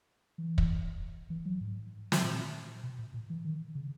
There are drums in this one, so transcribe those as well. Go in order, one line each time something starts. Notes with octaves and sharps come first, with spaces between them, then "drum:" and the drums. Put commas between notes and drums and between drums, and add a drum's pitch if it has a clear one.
E3
drum: kick
E3
F#3
G#2
drum: snare
A#2
B2
A#2
A#2
E3
D#3
C#3